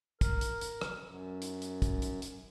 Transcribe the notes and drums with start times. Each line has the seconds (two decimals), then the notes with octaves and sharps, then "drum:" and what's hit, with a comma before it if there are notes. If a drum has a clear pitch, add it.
0.21 A#4, drum: kick, hi-hat
0.41 drum: hi-hat
0.61 drum: hi-hat
0.81 drum: rim click
1.06 F#2
1.42 drum: hi-hat
1.62 drum: hi-hat
1.82 drum: kick, hi-hat
2.02 drum: hi-hat
2.22 drum: hi-hat